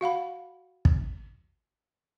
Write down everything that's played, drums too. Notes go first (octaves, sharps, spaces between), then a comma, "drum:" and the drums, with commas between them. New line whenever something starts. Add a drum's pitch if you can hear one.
F#4 F5 F#5 B5
drum: kick